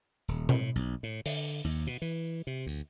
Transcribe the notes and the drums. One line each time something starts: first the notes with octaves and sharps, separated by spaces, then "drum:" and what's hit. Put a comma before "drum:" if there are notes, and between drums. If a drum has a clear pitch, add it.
D#1
A2, drum: tom B2
B1
A2
D3, drum: open hi-hat
D#2
B2
E3
C3
D2